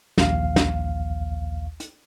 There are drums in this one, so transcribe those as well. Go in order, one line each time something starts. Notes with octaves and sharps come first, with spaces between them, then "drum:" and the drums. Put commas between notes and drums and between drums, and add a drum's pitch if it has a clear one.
A#1 D#2 F5, drum: snare
drum: snare
drum: hi-hat